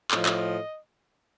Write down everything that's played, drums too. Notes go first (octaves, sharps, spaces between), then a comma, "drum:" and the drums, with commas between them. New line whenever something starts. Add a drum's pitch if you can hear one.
A2 F3 D#5, drum: clap
drum: clap